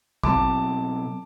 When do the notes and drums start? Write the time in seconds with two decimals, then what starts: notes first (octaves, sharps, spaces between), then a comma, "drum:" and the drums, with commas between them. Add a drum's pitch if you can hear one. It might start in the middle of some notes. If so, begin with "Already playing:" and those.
0.23 B2 F#3 C4 A5 D6, drum: kick A1